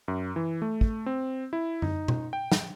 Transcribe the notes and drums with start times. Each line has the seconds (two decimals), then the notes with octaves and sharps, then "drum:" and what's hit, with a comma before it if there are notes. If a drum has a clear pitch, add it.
0.08 F#2
0.36 E3
0.62 A3
0.81 drum: kick
1.06 C4
1.53 E4
1.82 D#4, drum: tom F#2
2.08 drum: tom B2
2.33 G5
2.52 drum: snare